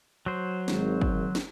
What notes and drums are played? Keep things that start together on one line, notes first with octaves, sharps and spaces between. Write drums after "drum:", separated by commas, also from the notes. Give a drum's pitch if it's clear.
F#3 C5
G#1, drum: snare
drum: kick
drum: snare